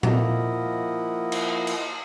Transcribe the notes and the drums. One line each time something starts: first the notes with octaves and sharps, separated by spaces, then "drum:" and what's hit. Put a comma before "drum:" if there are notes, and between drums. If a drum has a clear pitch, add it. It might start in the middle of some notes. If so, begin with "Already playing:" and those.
F3 A#3 E4 D#5 F#5, drum: tom A#2
drum: cymbal
drum: cymbal